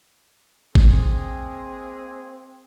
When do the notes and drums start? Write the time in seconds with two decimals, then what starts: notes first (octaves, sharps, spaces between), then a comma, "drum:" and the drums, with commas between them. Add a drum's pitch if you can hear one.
0.75 G#3 A#3 C4 G#4, drum: kick G#1